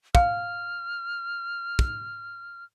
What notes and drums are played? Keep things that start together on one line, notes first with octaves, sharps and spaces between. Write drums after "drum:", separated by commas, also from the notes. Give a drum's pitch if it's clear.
F5 F6, drum: kick
drum: kick